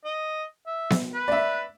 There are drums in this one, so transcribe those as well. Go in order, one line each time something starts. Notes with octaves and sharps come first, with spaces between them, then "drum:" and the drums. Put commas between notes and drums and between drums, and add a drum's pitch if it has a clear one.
D#5
E5
drum: snare B3
B4
D5 E5